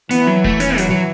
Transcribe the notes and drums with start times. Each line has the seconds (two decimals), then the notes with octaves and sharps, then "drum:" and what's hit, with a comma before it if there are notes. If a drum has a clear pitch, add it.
0.11 E3 B3, drum: hi-hat
0.27 F#3
0.44 A3, drum: kick E1
0.60 C#4, drum: hi-hat
0.78 F#3, drum: hi-hat
0.90 F#3